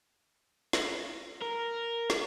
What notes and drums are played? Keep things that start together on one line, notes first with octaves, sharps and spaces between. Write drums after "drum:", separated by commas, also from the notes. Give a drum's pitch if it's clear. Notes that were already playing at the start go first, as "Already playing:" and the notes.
drum: snare
A#4
drum: snare